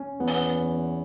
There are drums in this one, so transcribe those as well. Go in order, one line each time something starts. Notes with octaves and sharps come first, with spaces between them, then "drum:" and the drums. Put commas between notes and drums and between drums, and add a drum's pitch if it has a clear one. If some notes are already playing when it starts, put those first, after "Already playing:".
Already playing: C#4
E2 B3
C#4, drum: open hi-hat
B3